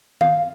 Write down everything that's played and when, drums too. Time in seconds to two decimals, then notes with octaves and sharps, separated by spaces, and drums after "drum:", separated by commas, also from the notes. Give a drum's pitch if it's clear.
0.21 F5, drum: tom D#3